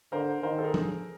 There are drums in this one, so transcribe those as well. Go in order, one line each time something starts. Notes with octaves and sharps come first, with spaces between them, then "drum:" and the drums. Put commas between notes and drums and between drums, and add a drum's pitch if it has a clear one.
D3 A#4 C5
D#3 A#4 C5
A4
G#4 A#4
G#4 A#4, drum: tom F3